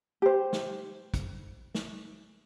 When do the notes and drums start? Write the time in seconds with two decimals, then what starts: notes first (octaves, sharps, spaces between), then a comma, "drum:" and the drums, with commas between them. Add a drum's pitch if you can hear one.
0.22 G4 C5
0.53 drum: snare
1.14 drum: kick, hi-hat
1.75 drum: snare